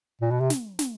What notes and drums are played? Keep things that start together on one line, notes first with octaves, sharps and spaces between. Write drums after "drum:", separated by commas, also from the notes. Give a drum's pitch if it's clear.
A#2
B2
C3
drum: snare
drum: snare